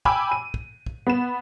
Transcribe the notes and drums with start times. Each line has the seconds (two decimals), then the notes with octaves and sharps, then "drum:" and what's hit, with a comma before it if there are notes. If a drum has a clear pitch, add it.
0.05 G5 G#5 B5 D6 E6, drum: kick
0.31 D#7
0.54 drum: kick
0.86 drum: kick
1.07 B3 E7